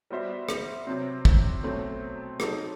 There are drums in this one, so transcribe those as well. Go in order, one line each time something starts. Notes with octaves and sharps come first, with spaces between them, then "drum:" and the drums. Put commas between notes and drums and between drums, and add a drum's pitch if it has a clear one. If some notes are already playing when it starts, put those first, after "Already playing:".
G3 B3 F#4 C5 E5
drum: rim click
C3 F#3 C4
drum: kick
B2 F#3 A3 C4
F#3 C4 D#4 A4, drum: rim click